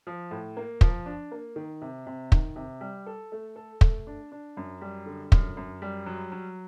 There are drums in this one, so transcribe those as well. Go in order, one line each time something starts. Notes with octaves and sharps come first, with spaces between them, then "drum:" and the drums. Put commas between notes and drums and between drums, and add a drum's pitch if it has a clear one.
F3
A2
A#3
F3, drum: kick
D4
A#3
D#3
C3
C3
D#3, drum: kick
C3
G3
A4
A3
A4
A3, drum: kick
D4
D4
F#2
G3
D3
F#2, drum: kick
F#2
G3
F#3
F#3